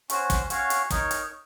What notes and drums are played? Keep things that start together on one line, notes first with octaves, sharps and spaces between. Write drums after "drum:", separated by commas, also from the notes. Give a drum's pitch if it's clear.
C#4 F#4 C5, drum: hi-hat
drum: kick, hi-hat
C#4 F#4 C#5 F5, drum: hi-hat
drum: hi-hat
D#4 A#4 C#5, drum: kick, hi-hat
drum: hi-hat